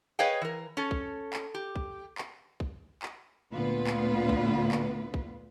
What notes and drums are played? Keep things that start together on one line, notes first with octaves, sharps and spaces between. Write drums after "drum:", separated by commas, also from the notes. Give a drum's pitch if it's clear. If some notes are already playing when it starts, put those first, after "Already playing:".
G#4 B4 C#5 D#5 F5 G5
E3 A#4
C#4 A4
drum: kick
drum: clap
G4
drum: kick
drum: clap
drum: kick
drum: clap
D2 A#2 D3 B3 F4 B4
drum: clap
drum: kick
drum: clap
drum: kick